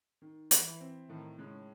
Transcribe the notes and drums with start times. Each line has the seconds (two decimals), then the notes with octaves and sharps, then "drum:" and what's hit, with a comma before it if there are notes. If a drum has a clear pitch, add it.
0.22 D#3
0.51 E3 E4, drum: hi-hat
0.80 C4
1.09 A2 D#3
1.39 C#3 G#3